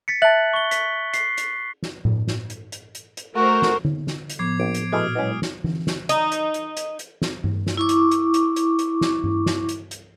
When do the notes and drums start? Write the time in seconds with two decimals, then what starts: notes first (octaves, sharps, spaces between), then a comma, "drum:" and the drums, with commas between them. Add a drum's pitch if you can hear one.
0.08 A6 B6 C#7
0.22 E5 A5 F#6 A6 F#7
0.53 C#6 G7
0.71 B6, drum: hi-hat
1.14 C7, drum: hi-hat
1.38 drum: hi-hat
1.82 drum: snare
2.05 drum: tom A2
2.27 drum: snare
2.50 drum: hi-hat
2.72 drum: hi-hat
2.95 drum: hi-hat
3.17 drum: hi-hat
3.36 A3 F#4 A#4 C5
3.62 drum: snare
3.85 drum: tom D3
4.07 drum: snare
4.30 drum: hi-hat
4.39 A2 F3 B3 D6 G#6 C7
4.60 A#1 D7
4.74 drum: hi-hat
4.93 A#2 E3 G#3 A3 F#4 D6 D#6 F6
5.15 B2 F#3 G#3 C#4 E4
5.42 drum: snare
5.64 drum: tom E3
5.87 drum: snare
6.09 D#4, drum: hi-hat
6.32 drum: hi-hat
6.54 drum: hi-hat
6.77 drum: hi-hat
6.99 drum: hi-hat
7.22 drum: snare
7.44 drum: tom G2
7.66 drum: snare
7.77 E4 C#6 D6
7.89 drum: hi-hat
8.11 drum: hi-hat
8.34 drum: hi-hat
8.56 drum: hi-hat
8.79 drum: hi-hat
9.01 drum: snare
9.24 drum: tom G2
9.46 drum: snare
9.69 drum: hi-hat
9.91 drum: hi-hat